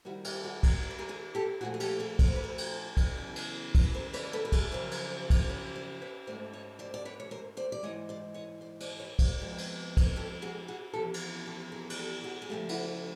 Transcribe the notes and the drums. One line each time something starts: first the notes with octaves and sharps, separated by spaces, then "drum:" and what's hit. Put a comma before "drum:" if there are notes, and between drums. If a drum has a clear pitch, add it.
C3 D#3 G3 A#3 E4 F#4
F4 G4, drum: cymbal
F#4 G#4
G#4 A#4, drum: kick, cymbal
A#4
B4
G#4 A#4
G#4 A#4
G4 A4
A#2 F3 A3 F#4 G#4
G#4
G4 A4, drum: cymbal
G#4 A#4
C#5, drum: kick, cymbal
C5
B4
A#4 C5
drum: cymbal
drum: kick, cymbal
E2 C#3 F#3
drum: cymbal
drum: kick, cymbal
B4
A#4 C5
B4 C#5, drum: cymbal
A4 B4
B4
G#4 A#4, drum: kick, cymbal
F#2 C#3 F3 A#4 C5
drum: cymbal
drum: kick, cymbal
B4 C#5
C5 D5
B4 C#5
G#2 F3 A3 C5 D5
C#5 D#5
C5 D5
D5
B4 C#5
C#5
A#4 C5
C5 D5
D5
G#2 E3 G#3 C#5 D#5
C5 D5
C#5 D#5
C5 D5
C5 D5, drum: cymbal
C5
B4 C#5
F4 G4, drum: kick, cymbal
F2 C3 F3 G#3 B3
drum: cymbal
drum: kick, cymbal
G4 A4
F#4 G#4
F#4 G#4
E2 C3 F3 G4 A4
drum: cymbal
G4 A4
G#4 A#4
G#4, drum: cymbal
G4 A4
F#4 G#4
G#4
C#3 F3 A3 F4 G4
E4 F#4, drum: cymbal